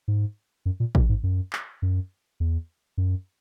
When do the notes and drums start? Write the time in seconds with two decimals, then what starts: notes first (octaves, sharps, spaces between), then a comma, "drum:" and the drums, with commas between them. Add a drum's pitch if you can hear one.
0.08 G#2
0.66 F#2
0.80 A#2
0.95 B2, drum: kick A1
1.09 G#2
1.23 F#2
1.53 drum: clap
1.82 F#2
2.40 E2
2.98 F#2